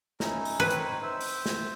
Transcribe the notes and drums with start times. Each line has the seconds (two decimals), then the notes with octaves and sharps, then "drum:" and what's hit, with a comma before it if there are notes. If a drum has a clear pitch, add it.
0.20 C#4 D#4 E4, drum: snare
0.45 drum: open hi-hat
0.60 C4 D#4 B4 C#5
0.70 drum: hi-hat
1.03 C5 E5
1.21 drum: open hi-hat
1.46 drum: snare